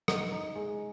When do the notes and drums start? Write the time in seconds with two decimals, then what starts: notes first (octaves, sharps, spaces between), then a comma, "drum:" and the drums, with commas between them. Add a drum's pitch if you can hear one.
0.08 D#4, drum: rim click
0.32 D#4
0.55 G#3